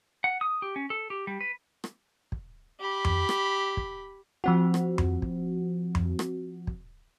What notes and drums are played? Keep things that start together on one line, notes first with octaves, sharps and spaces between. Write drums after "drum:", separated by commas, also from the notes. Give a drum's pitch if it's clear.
F#5
D#6
G4
C#4
A4
G4
G3
B4
drum: rim click
drum: kick
G4 B5
drum: tom F2
drum: rim click
drum: kick
F3 C4 F#4
drum: rim click
drum: tom F2
drum: kick
drum: tom F2
drum: rim click
drum: kick